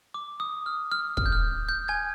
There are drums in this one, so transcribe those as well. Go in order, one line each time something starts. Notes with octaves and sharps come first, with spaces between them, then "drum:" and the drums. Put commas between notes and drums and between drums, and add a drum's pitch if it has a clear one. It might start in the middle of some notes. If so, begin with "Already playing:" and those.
D6
D#6
F6
F6
F6, drum: kick
G6
F6
G6
G#5 G#6